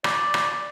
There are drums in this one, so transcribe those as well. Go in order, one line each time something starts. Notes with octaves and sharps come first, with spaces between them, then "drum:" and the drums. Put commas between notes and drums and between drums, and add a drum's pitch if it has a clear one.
D5, drum: rim click
drum: rim click